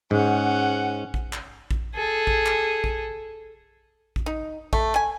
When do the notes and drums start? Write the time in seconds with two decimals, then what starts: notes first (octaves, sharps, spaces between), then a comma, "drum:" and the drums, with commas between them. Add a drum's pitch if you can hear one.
0.11 G#2 C#4 F#5
1.14 drum: kick A#1
1.33 drum: clap
1.71 drum: kick A#1
1.95 G#4 A4
2.27 drum: kick A#1
2.46 drum: clap
2.84 drum: kick A#1
4.16 drum: kick A#1
4.26 D#4
4.73 A3, drum: kick A#1
4.96 G#5